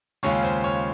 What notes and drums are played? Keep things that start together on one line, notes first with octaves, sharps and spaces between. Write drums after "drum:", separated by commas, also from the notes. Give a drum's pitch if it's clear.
D#2 C#3 G#3 C#4 F4 C#5, drum: hi-hat
C5, drum: hi-hat
C#5